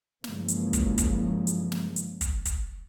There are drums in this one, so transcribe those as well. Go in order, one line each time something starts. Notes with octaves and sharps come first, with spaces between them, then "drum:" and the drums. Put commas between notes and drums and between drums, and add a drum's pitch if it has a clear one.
G2 C#3 E3 F3 G#3 A#3, drum: snare
drum: hi-hat
drum: kick, hi-hat
drum: kick, hi-hat
drum: hi-hat
drum: snare
drum: hi-hat
drum: kick, hi-hat
drum: kick, hi-hat